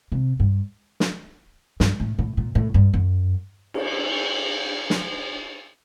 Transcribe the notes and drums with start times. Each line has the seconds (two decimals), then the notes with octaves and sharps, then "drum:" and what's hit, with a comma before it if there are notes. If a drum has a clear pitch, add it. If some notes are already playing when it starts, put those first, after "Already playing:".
0.12 C3
0.40 G2
1.00 drum: snare
1.80 G2, drum: snare
2.00 A2
2.18 A2
2.37 A#2
2.55 A2
2.74 G2
2.93 F#2
3.74 drum: cymbal
4.90 drum: snare